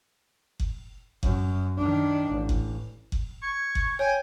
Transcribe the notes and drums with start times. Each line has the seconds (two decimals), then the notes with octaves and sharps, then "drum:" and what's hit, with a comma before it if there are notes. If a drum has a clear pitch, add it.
0.60 drum: kick F#1
1.23 F#2, drum: kick F#1
1.78 D#3 D4
2.30 A1
2.49 drum: kick F#1
3.12 drum: kick F#1
3.42 C#6 G#6
3.75 drum: kick F#1
3.99 C#5 G5 G#5